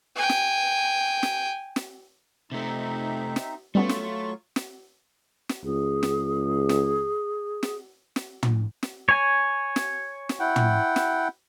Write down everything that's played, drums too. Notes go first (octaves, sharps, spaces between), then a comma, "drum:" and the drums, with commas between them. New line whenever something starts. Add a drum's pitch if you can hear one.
G5 G#5
drum: snare
drum: snare
drum: snare
C3 A3 C4 D#4 E5
drum: snare
F#3 G3 A3 B3 C#4 F4 C#6
drum: snare
drum: snare
drum: snare
C#2 G#4
drum: snare
drum: snare
drum: snare
drum: snare
drum: tom
drum: snare
C#5 G#5
drum: snare
drum: snare
E4 F#5 G5
drum: tom
drum: snare